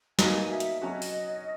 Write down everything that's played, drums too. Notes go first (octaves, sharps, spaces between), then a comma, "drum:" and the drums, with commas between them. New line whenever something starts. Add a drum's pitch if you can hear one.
B2 A#3 D#4 G#5, drum: snare
E5
drum: hi-hat
F#3 C#4 F#4 D#5
drum: open hi-hat